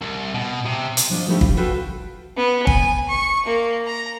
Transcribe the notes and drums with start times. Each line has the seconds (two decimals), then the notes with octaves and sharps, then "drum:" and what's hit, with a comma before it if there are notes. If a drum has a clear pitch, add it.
0.02 C2
0.34 B2
0.66 C3
0.97 drum: hi-hat
1.10 F3 D4 F4 D#5
1.28 F3 A3 D#4 E4 G4
1.41 F4, drum: kick
1.57 F4 F#4 A4 B4 G5
2.37 B3
2.67 G#5, drum: kick
3.08 C#6
3.46 A#3
3.86 A#5